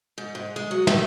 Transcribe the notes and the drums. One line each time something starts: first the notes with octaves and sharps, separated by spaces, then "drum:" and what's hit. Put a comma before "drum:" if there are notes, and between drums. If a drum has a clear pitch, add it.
G#2
G#2
G#3
F#3
A3, drum: snare